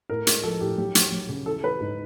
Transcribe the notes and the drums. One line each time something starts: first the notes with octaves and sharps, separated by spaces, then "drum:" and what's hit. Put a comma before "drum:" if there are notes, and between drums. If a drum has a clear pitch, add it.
A2 A#4
G#3, drum: hi-hat
F3 A4
A2 G4
F#3 G4
F#3, drum: hi-hat
F#3
C#3
E3 A4
E3 B4
G#2